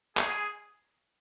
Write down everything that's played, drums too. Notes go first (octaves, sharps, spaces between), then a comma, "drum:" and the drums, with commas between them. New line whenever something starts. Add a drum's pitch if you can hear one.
G#4, drum: clap